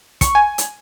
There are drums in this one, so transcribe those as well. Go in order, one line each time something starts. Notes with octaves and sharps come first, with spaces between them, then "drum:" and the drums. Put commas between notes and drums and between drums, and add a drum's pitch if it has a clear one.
C#6, drum: kick, hi-hat
G#5
drum: hi-hat